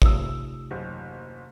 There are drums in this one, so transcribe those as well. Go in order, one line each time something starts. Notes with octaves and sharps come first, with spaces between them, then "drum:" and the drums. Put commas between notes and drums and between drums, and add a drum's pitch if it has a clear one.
C3 A3 D#4 F4 G4 D#6 E6, drum: kick A1
F#1 D#2